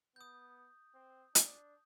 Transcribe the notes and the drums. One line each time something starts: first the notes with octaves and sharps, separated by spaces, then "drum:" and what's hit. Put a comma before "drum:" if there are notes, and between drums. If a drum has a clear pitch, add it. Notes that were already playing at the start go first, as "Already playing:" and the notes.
B3 D#6 G6
C4
D4, drum: hi-hat